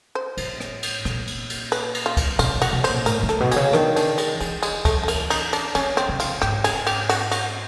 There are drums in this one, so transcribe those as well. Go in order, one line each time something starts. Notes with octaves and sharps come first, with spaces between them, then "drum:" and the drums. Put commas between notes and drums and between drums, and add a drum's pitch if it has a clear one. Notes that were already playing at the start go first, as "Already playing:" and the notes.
C5
A2, drum: cymbal
drum: rim click
drum: cymbal
A#2, drum: rim click
drum: cymbal
drum: cymbal
B4, drum: cymbal
drum: cymbal
F4
drum: kick, cymbal
B2 F4, drum: cymbal
B2
F#4, drum: cymbal
B2
C5, drum: cymbal
A#2
A2 A#4, drum: cymbal
A2
A4, drum: rim click
B2
C#3 G#4, drum: cymbal
D#3 D4, drum: rim click
D4, drum: cymbal
G#3, drum: cymbal
E3 G#3, drum: cymbal
G#3, drum: cymbal
A3, drum: kick, cymbal
A3
A#3, drum: cymbal
D#4, drum: cymbal
D4, drum: cymbal
D#3 C#4, drum: cymbal
C4, drum: rim click
C#3
F4, drum: cymbal
G#2 G4, drum: rim click
G#4, drum: cymbal
G4, drum: cymbal
F#4, drum: cymbal
F#4, drum: cymbal